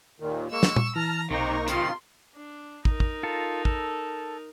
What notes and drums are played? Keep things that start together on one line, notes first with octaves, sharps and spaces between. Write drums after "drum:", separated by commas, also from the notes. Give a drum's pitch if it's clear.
D#2 A#2 D#3
G#3 A#3 C#6 E6
drum: snare
drum: tom A#2
E3 A5 A#5 F6
B1 C3 A#3 D#4 A#4 C5 C#6 A#6
C3 D#3 F4 C6, drum: hi-hat
D4
D#4 A#4, drum: kick
drum: kick
F4 A4
A4, drum: kick